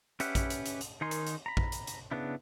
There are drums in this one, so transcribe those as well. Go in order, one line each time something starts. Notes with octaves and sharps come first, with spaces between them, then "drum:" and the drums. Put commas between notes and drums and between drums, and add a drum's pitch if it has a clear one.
C#4 G4 B4 E5 F#5, drum: hi-hat
drum: kick, hi-hat
drum: hi-hat
drum: hi-hat
drum: hi-hat
D#3 D#4 A#4 G#5 C6
drum: hi-hat
drum: hi-hat
A#5 B5
drum: kick
drum: hi-hat
drum: hi-hat
C#3 B3 D4 E4